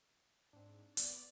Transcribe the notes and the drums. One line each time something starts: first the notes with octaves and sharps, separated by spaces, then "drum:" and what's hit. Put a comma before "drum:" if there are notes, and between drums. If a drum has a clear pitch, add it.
G#2 C4 D4
B3 D5, drum: hi-hat